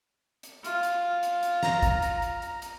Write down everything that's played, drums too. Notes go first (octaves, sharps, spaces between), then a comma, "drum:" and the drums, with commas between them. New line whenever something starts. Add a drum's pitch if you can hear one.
drum: hi-hat
F4, drum: hi-hat
drum: hi-hat
drum: hi-hat
drum: hi-hat
A#5, drum: snare
drum: kick, hi-hat
drum: hi-hat
drum: hi-hat
drum: hi-hat
drum: hi-hat